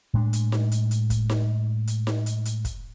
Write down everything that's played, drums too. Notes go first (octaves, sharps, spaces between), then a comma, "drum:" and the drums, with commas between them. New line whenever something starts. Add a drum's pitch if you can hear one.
A2 G#3 D4
drum: hi-hat
drum: snare D#4
drum: hi-hat
drum: hi-hat
drum: kick, hi-hat
drum: snare D#4
drum: hi-hat
drum: snare D#4
drum: hi-hat
drum: hi-hat
drum: kick, hi-hat